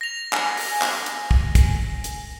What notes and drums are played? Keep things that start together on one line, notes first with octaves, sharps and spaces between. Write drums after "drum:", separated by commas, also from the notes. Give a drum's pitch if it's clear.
A#6 F7
G#5, drum: clap
drum: open hi-hat
drum: clap
drum: hi-hat
drum: kick
drum: kick, hi-hat
drum: hi-hat